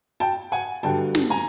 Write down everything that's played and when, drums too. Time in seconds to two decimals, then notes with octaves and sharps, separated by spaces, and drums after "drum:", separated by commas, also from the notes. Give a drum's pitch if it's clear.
0.20 G5 A5
0.52 F#5 G#5
0.83 G2 D3 F#3 G5 A5
1.15 drum: snare
1.30 G#5 A#5